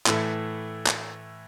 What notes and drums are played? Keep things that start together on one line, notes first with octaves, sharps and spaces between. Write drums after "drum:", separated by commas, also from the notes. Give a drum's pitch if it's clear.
A2 E3 A3 E4 A4, drum: clap
drum: clap